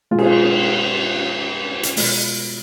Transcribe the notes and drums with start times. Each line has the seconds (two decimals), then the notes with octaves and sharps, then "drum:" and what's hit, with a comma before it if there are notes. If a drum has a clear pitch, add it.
0.11 B2 G#3 F4
0.18 G#4, drum: cymbal
0.25 F4
1.83 drum: hi-hat
1.97 B2 G#3, drum: open hi-hat